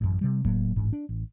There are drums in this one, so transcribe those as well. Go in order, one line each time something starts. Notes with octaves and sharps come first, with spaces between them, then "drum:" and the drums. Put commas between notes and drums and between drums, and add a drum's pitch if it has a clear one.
A1 F#2
C3 G3
A2 F#3 A#3, drum: kick E1
A1 G#2
D4
A1